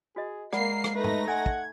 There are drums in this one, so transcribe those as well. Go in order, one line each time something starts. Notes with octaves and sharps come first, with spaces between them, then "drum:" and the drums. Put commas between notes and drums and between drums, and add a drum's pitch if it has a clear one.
F#4 G#4 D#5
G#3 A#3 A#4 D5 F#5 B5 C7, drum: rim click
drum: rim click
A3 D#4 B4 A#6
drum: tom G#2
A4 F#5 G#5 C6 G#6
drum: kick